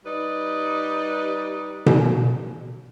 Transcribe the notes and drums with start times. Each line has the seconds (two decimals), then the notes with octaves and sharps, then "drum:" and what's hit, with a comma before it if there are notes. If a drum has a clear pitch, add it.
0.05 G3 D#4 B4 D5
1.86 drum: tom B2